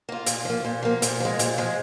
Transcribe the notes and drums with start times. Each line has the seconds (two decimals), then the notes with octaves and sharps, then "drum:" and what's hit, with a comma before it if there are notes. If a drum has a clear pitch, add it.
0.09 A#3 F4
0.26 A#2, drum: hi-hat
0.45 F3 A#3
0.65 A#2
0.82 F3 A#3
1.02 A#2, drum: hi-hat
1.20 F3 G#3
1.39 A#2, drum: hi-hat
1.58 F3 G#3